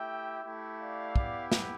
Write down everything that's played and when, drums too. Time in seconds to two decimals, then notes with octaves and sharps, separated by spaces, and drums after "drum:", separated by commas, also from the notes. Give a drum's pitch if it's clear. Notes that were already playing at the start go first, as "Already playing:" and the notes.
Already playing: A3 E4 G4 E5 G5
0.43 A3 E4 G4
0.79 D5 F5
1.16 B3 E4 G4, drum: kick
1.52 drum: snare